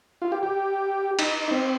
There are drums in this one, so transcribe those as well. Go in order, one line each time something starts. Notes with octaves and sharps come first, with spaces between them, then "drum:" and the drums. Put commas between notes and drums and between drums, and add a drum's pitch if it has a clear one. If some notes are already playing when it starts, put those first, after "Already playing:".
F4
G4
G4
D#4, drum: cymbal
C4